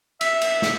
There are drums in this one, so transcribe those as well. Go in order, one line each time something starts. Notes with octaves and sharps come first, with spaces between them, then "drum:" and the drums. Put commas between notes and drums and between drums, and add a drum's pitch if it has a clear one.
E5, drum: cymbal
drum: cymbal
drum: snare